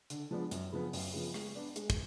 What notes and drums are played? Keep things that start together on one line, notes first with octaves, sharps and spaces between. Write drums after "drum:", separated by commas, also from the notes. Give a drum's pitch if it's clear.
D3, drum: hi-hat
F3 G#3 B3 D4
F#2, drum: hi-hat
C#3 F3 B3
F#2, drum: open hi-hat
C#3 F3 B3
G#3, drum: rim click
B3 D4
G#3, drum: hi-hat
drum: kick, hi-hat